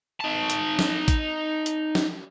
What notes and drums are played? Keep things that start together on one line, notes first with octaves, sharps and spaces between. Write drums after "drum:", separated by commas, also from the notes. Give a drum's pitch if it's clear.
D#4 A5
drum: hi-hat
drum: snare
drum: kick A1, hi-hat
drum: hi-hat
drum: snare